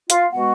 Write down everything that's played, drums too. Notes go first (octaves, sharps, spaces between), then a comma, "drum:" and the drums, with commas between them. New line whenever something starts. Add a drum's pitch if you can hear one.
F4 F5, drum: hi-hat
B2 G#3 B3 F#4 F#5